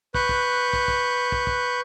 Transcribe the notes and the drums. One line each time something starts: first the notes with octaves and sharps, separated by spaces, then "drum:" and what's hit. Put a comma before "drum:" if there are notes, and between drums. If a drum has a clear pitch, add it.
B4 C#6 F#6 G6, drum: kick
drum: kick
drum: kick
drum: kick
drum: kick
drum: kick